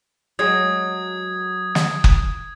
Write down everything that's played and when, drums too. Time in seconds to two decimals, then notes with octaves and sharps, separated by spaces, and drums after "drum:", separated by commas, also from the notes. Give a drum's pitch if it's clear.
0.39 F#3 G#3 D#6 G#6
1.75 drum: snare
2.04 drum: kick F#1